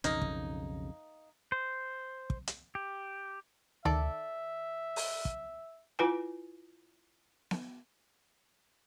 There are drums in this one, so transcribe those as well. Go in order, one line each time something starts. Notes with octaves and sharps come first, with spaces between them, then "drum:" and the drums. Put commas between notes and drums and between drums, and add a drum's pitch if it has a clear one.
B1 F2 C#3 A#3 D#4, drum: hi-hat
drum: kick
C5
drum: kick
drum: hi-hat
G4
D#3 A4 D5 E5, drum: tom D2
drum: open hi-hat
drum: kick
E4 F4 B4 G#5
drum: snare B3